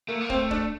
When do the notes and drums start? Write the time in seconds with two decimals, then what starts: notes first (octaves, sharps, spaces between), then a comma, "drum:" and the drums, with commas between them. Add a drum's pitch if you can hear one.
0.08 A3 A#3
0.21 A#3
0.30 C4, drum: kick
0.34 A3
0.51 D4, drum: kick